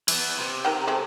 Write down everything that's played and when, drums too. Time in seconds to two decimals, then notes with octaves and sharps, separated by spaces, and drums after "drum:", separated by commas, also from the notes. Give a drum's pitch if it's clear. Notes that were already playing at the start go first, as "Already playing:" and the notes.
0.08 E3 B3, drum: cymbal
0.38 C3
0.65 D#3 G5
0.87 G#3 A3 C4